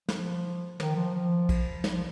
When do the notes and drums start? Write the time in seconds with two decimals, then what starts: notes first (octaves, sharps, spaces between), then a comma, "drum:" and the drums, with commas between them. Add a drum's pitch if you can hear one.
0.09 F3, drum: snare
0.80 D#3, drum: snare
0.96 F3
1.15 F3
1.49 drum: kick, cymbal
1.84 G3, drum: snare
1.93 F3